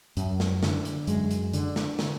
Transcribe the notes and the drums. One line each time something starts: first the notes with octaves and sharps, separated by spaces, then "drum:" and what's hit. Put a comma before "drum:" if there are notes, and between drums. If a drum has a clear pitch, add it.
F#2, drum: hi-hat
drum: snare
D3, drum: snare
drum: hi-hat
F#2 G#3, drum: hi-hat
drum: hi-hat
D3, drum: hi-hat
drum: snare
drum: snare